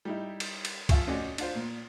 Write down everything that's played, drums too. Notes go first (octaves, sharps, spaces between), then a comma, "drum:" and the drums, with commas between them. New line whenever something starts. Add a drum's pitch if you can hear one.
G3 D#4 E4
drum: cymbal
drum: cymbal
F3 F4 E5 G#5 C#6, drum: kick, cymbal
C4 C#4 F#4 D5 D#5 G#5
D4 F4 C5, drum: cymbal
A#2